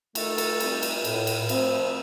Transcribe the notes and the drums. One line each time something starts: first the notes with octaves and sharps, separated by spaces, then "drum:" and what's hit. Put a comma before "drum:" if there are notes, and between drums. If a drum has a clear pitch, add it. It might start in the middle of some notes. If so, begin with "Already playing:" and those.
D#3 A3 A4, drum: cymbal
drum: cymbal
G3 C4 D#4, drum: cymbal
drum: cymbal
A2, drum: cymbal
drum: cymbal
F3 A3 C4, drum: cymbal